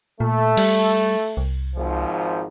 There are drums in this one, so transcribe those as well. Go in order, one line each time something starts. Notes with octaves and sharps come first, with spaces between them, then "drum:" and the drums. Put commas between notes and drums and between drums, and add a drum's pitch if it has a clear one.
A#2 A3
G3, drum: cymbal
C2
G#1 G#2 F3